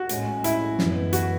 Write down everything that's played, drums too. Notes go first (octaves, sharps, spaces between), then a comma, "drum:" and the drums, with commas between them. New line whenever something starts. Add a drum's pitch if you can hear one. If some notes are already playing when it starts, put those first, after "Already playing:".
Already playing: F#4
A2 G#3 C#4, drum: hi-hat
E4, drum: hi-hat
F#2 E3 G#3 B3, drum: snare
F#4, drum: hi-hat